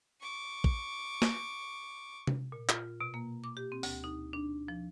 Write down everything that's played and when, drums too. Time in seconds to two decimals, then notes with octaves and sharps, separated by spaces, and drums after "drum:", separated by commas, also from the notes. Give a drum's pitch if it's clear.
0.21 C#6 D6
0.64 drum: kick
1.22 drum: snare
2.27 drum: tom C3
2.52 A#2
2.69 F4, drum: clap
3.01 B2
3.14 A#3
3.44 D6
3.57 G4
3.72 C4
3.83 D2, drum: open hi-hat
4.04 D#4
4.33 D4
4.68 F3